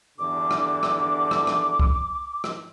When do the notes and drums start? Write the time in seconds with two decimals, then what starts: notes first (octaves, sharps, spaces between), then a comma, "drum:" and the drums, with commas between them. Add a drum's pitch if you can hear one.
0.19 E2 G2 D3 D6
0.51 drum: rim click
0.83 drum: rim click
1.31 drum: rim click
1.47 drum: rim click
1.79 drum: kick C2
2.44 drum: rim click